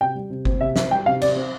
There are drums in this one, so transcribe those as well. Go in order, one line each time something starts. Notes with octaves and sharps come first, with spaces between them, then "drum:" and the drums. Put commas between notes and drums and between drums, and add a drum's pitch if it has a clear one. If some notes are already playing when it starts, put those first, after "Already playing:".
C3 G5
G3
C3
C4, drum: kick G1
C3 E5
C4 E5, drum: snare
G3 G5
C3 F5
C3 D5, drum: cymbal
C4